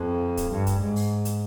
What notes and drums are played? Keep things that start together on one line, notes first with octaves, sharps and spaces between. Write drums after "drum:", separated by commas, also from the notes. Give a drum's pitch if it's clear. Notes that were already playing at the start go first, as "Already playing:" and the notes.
Already playing: F2
drum: kick, hi-hat
G2
drum: kick, hi-hat
G#2
drum: open hi-hat
drum: hi-hat